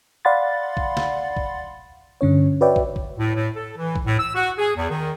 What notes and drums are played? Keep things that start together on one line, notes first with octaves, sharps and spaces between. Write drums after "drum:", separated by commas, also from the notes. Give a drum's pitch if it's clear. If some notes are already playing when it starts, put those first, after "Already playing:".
D5 F5 F#5 B5 C6 A6
drum: kick
drum: snare
drum: kick
G2 D3 C#4 C#5
F#4 B4 C#5 D5 E5 G5
drum: kick
drum: kick
A2
A2
A4
E3
drum: kick
A2
E6
F#4
G#4
E2
D#3